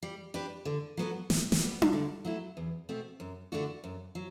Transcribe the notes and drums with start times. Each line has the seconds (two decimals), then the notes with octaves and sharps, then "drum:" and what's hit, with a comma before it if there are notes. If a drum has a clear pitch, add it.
0.02 G3
0.34 D4 G4 B4
0.65 D3
0.97 F#3 B3 F#4 A4
1.30 A2, drum: snare
1.52 drum: snare
1.61 G3 B3
1.82 drum: tom D4
1.93 D3
2.25 F#3 A3 E4
2.57 E2
2.89 B2 A3 C4
3.20 F#2
3.52 D3 A3 D4 F#4
3.84 F#2
4.15 F#3